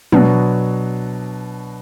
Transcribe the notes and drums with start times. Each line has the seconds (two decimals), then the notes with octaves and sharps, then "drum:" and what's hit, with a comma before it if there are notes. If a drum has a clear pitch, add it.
0.12 B2 F#3 B3 D4, drum: tom